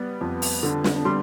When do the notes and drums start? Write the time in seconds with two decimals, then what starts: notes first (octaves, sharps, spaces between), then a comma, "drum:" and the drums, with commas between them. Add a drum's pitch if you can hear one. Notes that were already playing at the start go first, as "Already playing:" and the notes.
Already playing: G3 B3
0.21 F2
0.42 drum: open hi-hat
0.63 D3
0.84 drum: snare
1.05 G3 C6